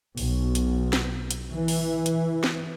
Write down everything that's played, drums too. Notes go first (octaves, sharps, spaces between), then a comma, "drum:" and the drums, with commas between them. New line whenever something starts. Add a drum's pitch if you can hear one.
B1, drum: open hi-hat
drum: hi-hat
drum: snare
drum: hi-hat
E3
drum: open hi-hat
drum: hi-hat
drum: snare